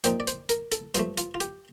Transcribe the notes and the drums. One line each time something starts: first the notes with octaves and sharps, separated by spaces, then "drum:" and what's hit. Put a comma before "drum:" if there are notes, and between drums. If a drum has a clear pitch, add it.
A#2 F3 C4 D#4 G5, drum: hi-hat
D5
C5, drum: hi-hat
A#4, drum: hi-hat
A4, drum: hi-hat
G2 F3 A3 F4, drum: hi-hat
F4, drum: hi-hat
F4
G4, drum: hi-hat